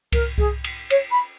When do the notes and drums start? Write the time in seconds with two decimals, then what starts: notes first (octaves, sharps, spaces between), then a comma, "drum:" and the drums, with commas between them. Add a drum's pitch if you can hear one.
0.12 A#4, drum: kick C2, cymbal
0.38 G#4, drum: kick C2
0.64 drum: cymbal
0.90 C#5, drum: cymbal
1.10 B5